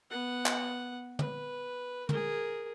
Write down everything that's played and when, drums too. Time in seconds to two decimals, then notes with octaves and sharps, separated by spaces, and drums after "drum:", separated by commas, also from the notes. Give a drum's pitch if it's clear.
0.10 B3 F#5
0.46 drum: clap
1.19 B4, drum: tom
2.09 G#4 A#4, drum: tom